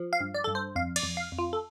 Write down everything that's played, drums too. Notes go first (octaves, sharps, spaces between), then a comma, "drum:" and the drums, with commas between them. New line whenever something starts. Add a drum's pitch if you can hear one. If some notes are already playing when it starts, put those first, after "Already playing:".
Already playing: F3
F5
G2
D5
G2 A4
C5
F2 F5
D5, drum: cymbal
F2
F5
F2
F4
A4